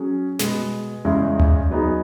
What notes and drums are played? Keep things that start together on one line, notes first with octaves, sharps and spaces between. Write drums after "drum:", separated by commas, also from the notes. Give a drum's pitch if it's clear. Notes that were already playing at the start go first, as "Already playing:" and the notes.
Already playing: F#3 C#4 G#4
B2 G#3 B3, drum: snare
E2 C#3 G#3 C#4 E4
drum: tom D2
F#3 B3 D#4 G#4